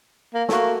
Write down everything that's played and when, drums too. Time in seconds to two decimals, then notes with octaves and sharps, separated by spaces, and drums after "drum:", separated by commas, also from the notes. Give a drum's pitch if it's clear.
0.34 A#3
0.49 A3 A#3 F#4, drum: snare